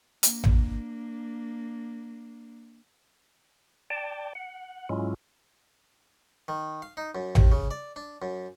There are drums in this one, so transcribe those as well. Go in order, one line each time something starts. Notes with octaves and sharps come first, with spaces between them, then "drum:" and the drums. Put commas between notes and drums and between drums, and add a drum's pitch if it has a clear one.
A#3 D4, drum: hi-hat
drum: tom A1
D5 G5 A5
F#5
G#2 F#3 G#3 C#4 E4 F4
D#3
F5
D#4
F#2
D#2, drum: tom A1
C#3
D5
D4
F#2